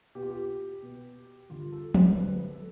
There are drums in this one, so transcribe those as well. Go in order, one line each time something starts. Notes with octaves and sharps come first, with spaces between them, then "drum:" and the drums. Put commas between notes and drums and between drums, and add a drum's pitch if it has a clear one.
B2 B3 G4
F4
G4
B2 B3
G2 D3 G3 F4
A4
C5, drum: tom F3
G2 D3 G3 B4
A4